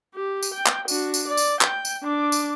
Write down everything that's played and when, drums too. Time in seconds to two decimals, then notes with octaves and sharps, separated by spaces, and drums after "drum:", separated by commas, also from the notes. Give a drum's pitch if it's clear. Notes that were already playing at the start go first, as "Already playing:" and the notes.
0.15 G4
0.43 drum: tambourine
0.55 G5
0.66 drum: clap
0.88 D4 F#4, drum: tambourine
1.14 drum: tambourine
1.28 D5
1.37 drum: tambourine
1.61 G5, drum: clap
1.85 drum: tambourine
2.04 D4 D6
2.32 drum: tambourine